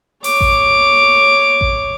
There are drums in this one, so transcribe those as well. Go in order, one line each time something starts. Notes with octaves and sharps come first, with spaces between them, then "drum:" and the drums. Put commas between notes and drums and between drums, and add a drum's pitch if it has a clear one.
C#5 D6, drum: open hi-hat
drum: kick A1
drum: kick A1